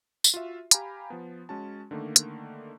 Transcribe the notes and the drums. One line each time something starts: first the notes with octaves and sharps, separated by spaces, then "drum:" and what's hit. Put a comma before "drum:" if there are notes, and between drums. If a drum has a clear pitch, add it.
drum: tambourine
F4 F#4 E5
G4 F5 G#5 A#5 B5, drum: hi-hat
F3 B3
G#3 C#4 F#4 A5
D3 D#3 A3 A#3
drum: hi-hat